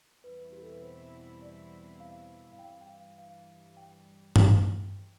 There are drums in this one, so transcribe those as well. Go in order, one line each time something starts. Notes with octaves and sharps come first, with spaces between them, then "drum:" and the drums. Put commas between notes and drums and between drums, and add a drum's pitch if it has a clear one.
E2 B2 G3 C4 E4 B4
G4
A4
B4
C5
D5
F5
F5
G2 E3 G3 G5
G5
F5
F5
G5
G5, drum: tom G2